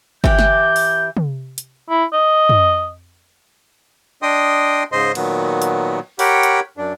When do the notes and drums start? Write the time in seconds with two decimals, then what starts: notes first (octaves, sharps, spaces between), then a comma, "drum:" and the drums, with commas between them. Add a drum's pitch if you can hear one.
0.24 E3 G4 G6, drum: kick G1
0.39 drum: snare
0.76 drum: open hi-hat
1.17 drum: tom
1.58 drum: hi-hat
1.90 E4
2.13 D#5
2.49 drum: tom
4.22 D4 D#5 G5 C6 D#6
4.92 G#2 C#3 C5 D#5 C6
5.15 A#2 D#3 F#3 B3, drum: cymbal
5.62 drum: hi-hat
6.19 G4 A#4 C#5 F#5 G5 B5, drum: open hi-hat
6.43 drum: hi-hat
6.77 F#2 D4